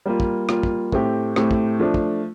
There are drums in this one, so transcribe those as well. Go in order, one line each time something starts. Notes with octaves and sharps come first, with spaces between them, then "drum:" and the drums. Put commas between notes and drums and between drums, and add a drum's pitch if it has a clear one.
G3 A#3 F4
drum: kick
G3 A#3 F4, drum: rim click
drum: kick
A2 A3 C4 G4, drum: kick
A2 A3 C4 G4, drum: rim click
drum: kick
F3 A3 D4
drum: kick